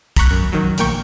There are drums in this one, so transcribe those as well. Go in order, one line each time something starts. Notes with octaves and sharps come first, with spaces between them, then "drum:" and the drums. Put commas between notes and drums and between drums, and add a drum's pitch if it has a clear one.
A#5 B5 C#6 F#6, drum: kick, hi-hat
F#2
D#3 F#3
A#1 A#2 A#3 G5 C#6, drum: hi-hat